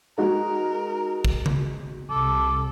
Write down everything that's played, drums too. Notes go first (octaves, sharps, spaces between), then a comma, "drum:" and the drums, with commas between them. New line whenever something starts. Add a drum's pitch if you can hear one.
G#3 D#4 F#4 A#4
drum: kick
drum: tom C#3
C2 A4 D6